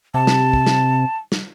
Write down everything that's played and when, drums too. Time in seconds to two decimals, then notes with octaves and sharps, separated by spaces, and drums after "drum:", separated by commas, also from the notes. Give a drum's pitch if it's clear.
0.14 C3 A5
0.27 drum: snare
0.53 drum: kick
0.66 drum: snare
1.32 drum: snare